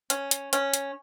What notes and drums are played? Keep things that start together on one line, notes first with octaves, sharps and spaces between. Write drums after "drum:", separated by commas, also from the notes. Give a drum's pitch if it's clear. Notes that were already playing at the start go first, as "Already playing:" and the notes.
C#4, drum: hi-hat
drum: hi-hat
C#4, drum: hi-hat
drum: hi-hat